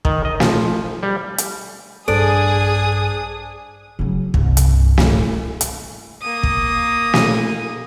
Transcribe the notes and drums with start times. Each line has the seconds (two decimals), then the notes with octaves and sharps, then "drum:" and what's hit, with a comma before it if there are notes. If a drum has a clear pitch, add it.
0.05 D#3, drum: kick
0.25 D#5
0.40 F3, drum: snare
1.03 G3
1.38 drum: hi-hat
2.08 A#1 G2 D4 G#4 A4 C5 D#6
3.99 C#3 F#3
4.34 C2 G2, drum: kick
4.57 drum: hi-hat
4.98 G#2 D#3, drum: snare
5.19 G3
5.61 drum: hi-hat
6.22 A#3 D#6
6.43 drum: kick
7.14 drum: snare